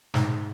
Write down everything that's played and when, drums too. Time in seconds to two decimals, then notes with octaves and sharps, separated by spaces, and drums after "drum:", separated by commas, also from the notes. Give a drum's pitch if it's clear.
0.14 G#2, drum: snare